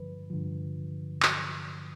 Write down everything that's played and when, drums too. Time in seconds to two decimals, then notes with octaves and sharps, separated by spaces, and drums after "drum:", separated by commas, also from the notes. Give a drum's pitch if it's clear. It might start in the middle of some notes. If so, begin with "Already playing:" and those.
Already playing: G2 D3 F3 B4
0.30 G2 D3 F3
1.22 drum: clap